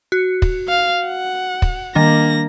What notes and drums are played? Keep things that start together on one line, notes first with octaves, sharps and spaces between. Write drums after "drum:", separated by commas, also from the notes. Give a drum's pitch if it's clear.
F#4
drum: kick
F5
F#5
drum: kick
D#3 G3 A#3 D4 A#6